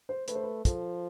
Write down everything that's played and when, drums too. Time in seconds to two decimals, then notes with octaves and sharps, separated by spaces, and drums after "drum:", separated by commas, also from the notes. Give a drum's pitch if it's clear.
0.09 C5
0.28 A3 B4, drum: hi-hat
0.35 C5
0.43 B4
0.65 F3 A4, drum: kick, hi-hat